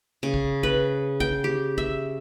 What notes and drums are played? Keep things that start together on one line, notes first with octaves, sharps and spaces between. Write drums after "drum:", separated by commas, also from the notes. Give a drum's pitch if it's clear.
C#3
drum: kick
B4, drum: kick
G5, drum: kick
G4
E5, drum: kick